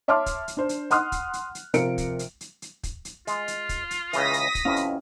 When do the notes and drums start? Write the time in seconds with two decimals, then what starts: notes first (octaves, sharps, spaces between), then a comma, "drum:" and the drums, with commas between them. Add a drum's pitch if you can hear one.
0.08 C#5 E5 A5 C6 D6 F6
0.26 drum: kick, hi-hat
0.48 drum: hi-hat
0.57 D4 C5
0.69 drum: hi-hat
0.91 F#5 C6 D#6 F6 F#6, drum: hi-hat
1.12 drum: kick, hi-hat
1.33 drum: hi-hat
1.55 drum: hi-hat
1.74 C3 F3 A#4 C#7 D7, drum: hi-hat
1.98 drum: kick, hi-hat
2.19 drum: hi-hat
2.41 drum: hi-hat
2.62 drum: hi-hat
2.83 drum: kick, hi-hat
3.05 drum: hi-hat
3.27 G#3 F4, drum: hi-hat
3.48 drum: hi-hat
3.69 drum: kick, hi-hat
3.91 drum: hi-hat
4.13 C#2 C#3 E3 D#6 A#6 B6, drum: hi-hat
4.33 drum: hi-hat
4.55 drum: kick, hi-hat
4.65 F2 B2 C#4 E4 F5 F6
4.76 drum: hi-hat